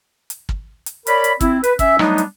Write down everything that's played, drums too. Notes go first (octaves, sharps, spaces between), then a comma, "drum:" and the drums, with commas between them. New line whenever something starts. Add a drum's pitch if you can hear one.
drum: hi-hat
drum: kick
drum: hi-hat
A#4 C#5 D5 B5, drum: hi-hat
drum: hi-hat
C4 E4, drum: kick, hi-hat
B4, drum: hi-hat
C#4 E5, drum: kick, hi-hat
F#3 G3 A3 B3 D4 D#4, drum: rim click
drum: hi-hat